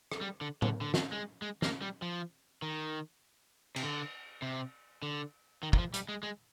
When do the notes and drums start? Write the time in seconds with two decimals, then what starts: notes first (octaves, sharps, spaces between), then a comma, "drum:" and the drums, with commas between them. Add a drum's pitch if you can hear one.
0.12 drum: rim click
0.21 G3
0.41 D3
0.62 D3, drum: tom A2
0.81 D3
0.94 drum: snare
1.12 G#3
1.42 G#3
1.62 A#3, drum: snare
1.82 G3
2.02 F3
2.62 D#3
3.76 C3, drum: cymbal
3.83 D3
4.42 C3
5.03 D3
5.63 D#3
5.73 D#3, drum: kick
5.78 F3
5.94 G3, drum: hi-hat
6.09 G#3
6.23 G#3